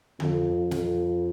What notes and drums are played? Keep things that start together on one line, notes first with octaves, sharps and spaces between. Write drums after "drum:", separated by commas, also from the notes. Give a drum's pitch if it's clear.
F2, drum: tom D3
F2, drum: snare